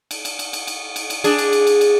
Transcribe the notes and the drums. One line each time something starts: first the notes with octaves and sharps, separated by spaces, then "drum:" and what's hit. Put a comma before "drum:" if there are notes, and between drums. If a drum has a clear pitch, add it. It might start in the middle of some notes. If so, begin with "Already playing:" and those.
drum: cymbal
drum: cymbal
drum: cymbal
drum: cymbal
drum: cymbal
drum: cymbal
drum: cymbal
D4 G#4, drum: cymbal
drum: cymbal
drum: cymbal
drum: cymbal
drum: cymbal